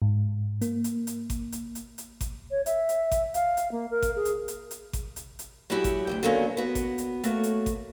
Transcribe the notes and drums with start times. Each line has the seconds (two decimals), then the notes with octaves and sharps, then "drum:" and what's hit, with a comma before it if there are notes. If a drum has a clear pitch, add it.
0.02 G#2
0.61 A#3, drum: hi-hat
0.84 drum: hi-hat
1.07 drum: hi-hat
1.30 drum: kick G#1, hi-hat
1.52 drum: hi-hat
1.75 drum: hi-hat
1.98 drum: hi-hat
2.21 drum: kick G#1, hi-hat
2.51 C#5
2.66 E5, drum: hi-hat
2.89 drum: hi-hat
3.11 drum: kick G#1, hi-hat
3.34 F5, drum: hi-hat
3.57 drum: hi-hat
3.72 A#3
3.91 A#4
4.02 drum: kick G#1, hi-hat
4.16 G#4
4.25 drum: hi-hat
4.48 drum: hi-hat
4.71 drum: hi-hat
4.93 drum: kick G#1, hi-hat
5.16 drum: hi-hat
5.39 drum: hi-hat
5.70 F#3 G#3 C#4 E4 F#4 G4
5.84 drum: kick G#1, hi-hat
6.07 D2 D#3 G5
6.23 D3 D#3 F#3 A#3 B3 C#4
6.57 B3 F#4
6.75 drum: kick G#1, hi-hat
6.98 drum: hi-hat
7.24 A3 A#3 F#4 C#5, drum: hi-hat
7.43 drum: hi-hat
7.66 drum: kick G#1, hi-hat